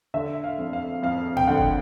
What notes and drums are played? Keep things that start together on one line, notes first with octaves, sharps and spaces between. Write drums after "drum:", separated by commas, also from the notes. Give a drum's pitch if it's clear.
D3 E5
F5
F2
F5
F2 F5
G5, drum: tom A2
D3 F#5
drum: kick F#1